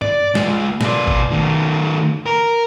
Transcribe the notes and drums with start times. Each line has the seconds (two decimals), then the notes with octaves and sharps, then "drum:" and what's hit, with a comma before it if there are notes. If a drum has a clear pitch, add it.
0.02 D5, drum: tom G2
0.35 G#3 F4, drum: snare
0.81 B2 D5, drum: snare
1.07 drum: kick G#1
1.31 D#3 A3
2.26 A#4